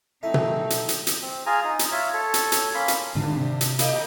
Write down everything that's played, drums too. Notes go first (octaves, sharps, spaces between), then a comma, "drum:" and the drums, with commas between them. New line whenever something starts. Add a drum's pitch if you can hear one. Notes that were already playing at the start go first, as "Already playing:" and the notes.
F#3 A3 C4 D#4 E4
drum: tom B2
drum: hi-hat
drum: hi-hat
drum: hi-hat
C4
F4 G#4 G#5 A#5
D#4
drum: hi-hat
F4 C#5 E5
A4 C#5
drum: hi-hat
drum: hi-hat
A#3 C#4 B5 C6
drum: hi-hat
G#2 D3 D#3 D4
C3
drum: hi-hat
A3 G4 D#5, drum: hi-hat